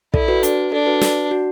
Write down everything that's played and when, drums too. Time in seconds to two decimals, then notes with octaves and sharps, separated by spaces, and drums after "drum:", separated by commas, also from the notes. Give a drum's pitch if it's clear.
0.14 E4 A4 D5, drum: kick
0.28 F#4 B4
0.43 D4, drum: hi-hat
0.72 D4 A4 D5
0.86 F#4 B4
1.01 drum: snare
1.31 F#4